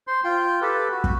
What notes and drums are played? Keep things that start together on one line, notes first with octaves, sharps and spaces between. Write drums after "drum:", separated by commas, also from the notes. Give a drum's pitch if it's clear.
C5 C6
F4 G5
G4 A4 B4
F#4
drum: kick